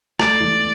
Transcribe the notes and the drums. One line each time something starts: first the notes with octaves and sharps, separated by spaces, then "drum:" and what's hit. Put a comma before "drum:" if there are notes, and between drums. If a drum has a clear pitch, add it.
A3 D5, drum: rim click
E3